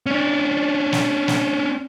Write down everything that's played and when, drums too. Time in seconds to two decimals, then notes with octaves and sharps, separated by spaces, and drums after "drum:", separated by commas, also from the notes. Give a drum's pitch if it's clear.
0.06 C#4 D4
0.93 drum: snare
1.28 drum: snare